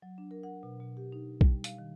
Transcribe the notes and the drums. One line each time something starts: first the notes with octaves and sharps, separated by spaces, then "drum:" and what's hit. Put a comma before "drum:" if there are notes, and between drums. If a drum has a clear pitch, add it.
F#3
D4
A#4
F#5
B2
B2
G4
D#4
G3, drum: kick A#1
F5, drum: hi-hat
D#3